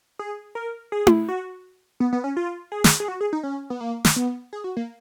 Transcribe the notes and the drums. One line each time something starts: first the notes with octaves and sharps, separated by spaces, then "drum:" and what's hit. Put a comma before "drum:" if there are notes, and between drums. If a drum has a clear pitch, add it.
G#4
A#4
G#4
drum: tom E4
F#4
B3
B3
C#4
F4
G#4
drum: snare
G#4
F#4
G#4
D#4
C#4
B3
A#3
drum: snare
B3
G#4
F#4
A#3